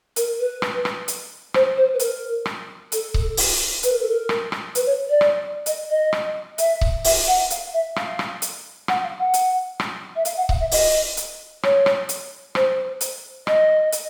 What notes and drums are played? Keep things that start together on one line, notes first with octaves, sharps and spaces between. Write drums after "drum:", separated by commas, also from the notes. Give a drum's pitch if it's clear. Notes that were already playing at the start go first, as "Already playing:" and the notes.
A#4, drum: hi-hat
B4
drum: rim click
drum: rim click
drum: hi-hat
C5, drum: rim click
C5
B4
A#4, drum: hi-hat
drum: rim click
A4, drum: hi-hat
drum: kick C#1
drum: open hi-hat
B4, drum: hi-hat
A#4
A4
A#4
drum: rim click
drum: rim click
B4, drum: hi-hat
C#5
D5
drum: rim click
D#5, drum: hi-hat
D#5
drum: rim click
E5, drum: hi-hat
drum: kick C#1
E5, drum: open hi-hat
F#5
F5, drum: hi-hat
E5
F5, drum: rim click
drum: rim click
drum: hi-hat
F#5, drum: rim click
F5
F#5
drum: hi-hat
drum: rim click
E5
F5, drum: hi-hat
F#5
F5, drum: kick C#1
E5
D#5, drum: open hi-hat
drum: hi-hat
C#5, drum: rim click
drum: rim click
drum: hi-hat
C5, drum: rim click
drum: hi-hat
D#5, drum: rim click
drum: hi-hat